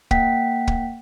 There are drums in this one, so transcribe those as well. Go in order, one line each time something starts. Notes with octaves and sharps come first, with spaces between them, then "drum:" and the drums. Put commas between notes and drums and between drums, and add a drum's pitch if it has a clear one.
A#3 F#5 G5 B6, drum: kick
drum: kick